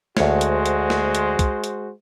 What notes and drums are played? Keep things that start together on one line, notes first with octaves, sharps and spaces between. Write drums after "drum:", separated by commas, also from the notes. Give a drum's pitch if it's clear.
D2 G#3 F#4 C5 C#5, drum: snare
drum: hi-hat
drum: hi-hat
drum: snare
drum: hi-hat
drum: kick, hi-hat
drum: hi-hat